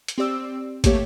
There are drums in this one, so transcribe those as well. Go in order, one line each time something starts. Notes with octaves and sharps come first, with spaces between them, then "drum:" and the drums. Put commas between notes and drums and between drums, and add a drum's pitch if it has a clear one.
drum: hi-hat
C4 G4 D5 E6
A3 A#3 G4 C#5, drum: kick, hi-hat